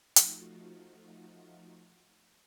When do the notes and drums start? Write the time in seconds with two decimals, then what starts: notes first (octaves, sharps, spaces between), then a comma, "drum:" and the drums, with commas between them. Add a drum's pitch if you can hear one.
0.16 F3 A3 D#4 F4 F#4, drum: hi-hat